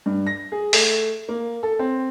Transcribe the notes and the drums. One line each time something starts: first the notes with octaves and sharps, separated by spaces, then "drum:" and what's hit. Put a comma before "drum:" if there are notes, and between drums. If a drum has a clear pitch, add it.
G2
A#6
G#4
A3, drum: open hi-hat
A#3
A4
C4